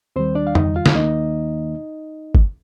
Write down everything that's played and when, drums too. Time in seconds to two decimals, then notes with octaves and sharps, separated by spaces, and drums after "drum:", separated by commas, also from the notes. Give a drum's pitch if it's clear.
0.16 D#2 D#3 G3 C4 C5
0.35 D4 D5
0.47 F5
0.55 D#4 D#5, drum: tom F2
0.76 F4 F5
0.86 drum: snare
0.95 D#2 D#3 A#3 D#4 D#5
2.35 drum: kick G1